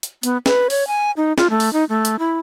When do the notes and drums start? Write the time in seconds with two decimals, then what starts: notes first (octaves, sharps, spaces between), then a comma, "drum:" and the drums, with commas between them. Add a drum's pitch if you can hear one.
0.03 drum: hi-hat
0.23 B3, drum: hi-hat
0.46 B4, drum: snare
0.70 C#5, drum: open hi-hat
0.87 G#5
1.17 D#4
1.38 F4, drum: snare
1.50 A3
1.60 drum: open hi-hat
1.73 D#4
1.89 A3
2.05 drum: hi-hat
2.19 E4